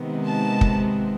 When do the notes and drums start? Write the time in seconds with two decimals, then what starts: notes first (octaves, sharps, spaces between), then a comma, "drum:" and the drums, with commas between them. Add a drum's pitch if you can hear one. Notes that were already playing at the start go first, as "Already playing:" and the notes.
Already playing: C3 D#3 G#3 B3
0.26 A5
0.61 drum: kick